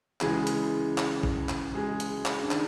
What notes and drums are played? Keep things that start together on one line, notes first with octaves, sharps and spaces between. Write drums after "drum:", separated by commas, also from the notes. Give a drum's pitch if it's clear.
C#2 C#3 E3 G#3 G#4, drum: clap
drum: hi-hat
drum: clap
drum: kick
drum: clap
G#3 G#4
drum: hi-hat
drum: clap
D4
D#3 D#4, drum: clap